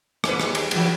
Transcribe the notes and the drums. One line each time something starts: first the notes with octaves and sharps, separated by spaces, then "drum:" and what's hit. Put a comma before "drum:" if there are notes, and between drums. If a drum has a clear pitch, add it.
F2 G#2 B4, drum: rim click
D#2 G#3, drum: rim click
drum: cymbal
E3 F#3 B3, drum: cymbal